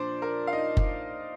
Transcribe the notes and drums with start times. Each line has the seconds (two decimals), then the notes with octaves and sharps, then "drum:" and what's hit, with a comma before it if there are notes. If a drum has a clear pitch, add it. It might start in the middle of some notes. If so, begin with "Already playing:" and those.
Already playing: A#2 F3 D4 C5 D5
0.22 A#4
0.47 F5
0.53 D#4 D#5
0.77 drum: kick F#1